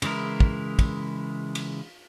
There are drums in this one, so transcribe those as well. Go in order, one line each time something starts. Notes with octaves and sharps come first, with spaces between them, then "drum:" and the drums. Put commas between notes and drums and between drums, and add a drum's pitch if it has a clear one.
C#3 E3 G#3 E4 A#4, drum: cymbal
drum: kick
drum: kick, cymbal
drum: cymbal